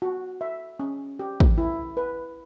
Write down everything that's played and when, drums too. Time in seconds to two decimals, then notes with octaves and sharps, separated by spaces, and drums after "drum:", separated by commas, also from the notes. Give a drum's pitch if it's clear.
0.02 F#4
0.41 E5
0.80 C#4
1.19 G4
1.40 drum: kick
1.58 E4
1.97 B4